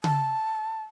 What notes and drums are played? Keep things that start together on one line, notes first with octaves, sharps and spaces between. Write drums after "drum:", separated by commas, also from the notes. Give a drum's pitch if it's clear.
A5, drum: tom C#3